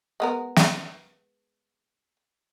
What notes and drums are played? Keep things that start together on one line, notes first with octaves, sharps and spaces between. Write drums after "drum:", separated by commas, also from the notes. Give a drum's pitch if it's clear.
G#3 B3 A#4
drum: snare